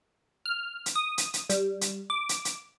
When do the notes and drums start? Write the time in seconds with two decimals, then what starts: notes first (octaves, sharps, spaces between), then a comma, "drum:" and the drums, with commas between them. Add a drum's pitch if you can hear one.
0.46 F6
0.86 drum: hi-hat
0.96 D#6
1.18 drum: hi-hat
1.34 drum: hi-hat
1.49 G3, drum: hi-hat
1.81 drum: hi-hat
2.10 D6
2.29 drum: hi-hat
2.45 drum: hi-hat